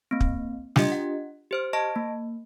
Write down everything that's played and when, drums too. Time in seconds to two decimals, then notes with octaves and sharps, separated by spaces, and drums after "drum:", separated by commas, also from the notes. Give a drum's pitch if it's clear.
0.11 A#3 C4
0.21 drum: kick
0.76 D4 F4 G4 D#5, drum: snare
0.92 F#5
1.51 G4 C5 F6
1.73 D#5 A5 C#6 A#6 D7
1.96 A#3